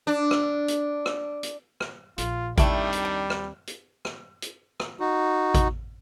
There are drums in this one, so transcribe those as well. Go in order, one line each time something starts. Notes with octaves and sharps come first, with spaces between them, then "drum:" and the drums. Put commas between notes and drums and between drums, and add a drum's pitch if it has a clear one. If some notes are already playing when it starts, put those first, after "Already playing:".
D4
drum: rim click
drum: hi-hat
drum: rim click
drum: hi-hat
drum: rim click
A#1 F4, drum: hi-hat
D#2 D#3 G3 A3 C4 D4 E4 G5, drum: kick A1, hi-hat
drum: hi-hat
G5
drum: rim click
drum: hi-hat
drum: rim click
drum: hi-hat
drum: rim click
D#4 F#4
drum: kick A1, hi-hat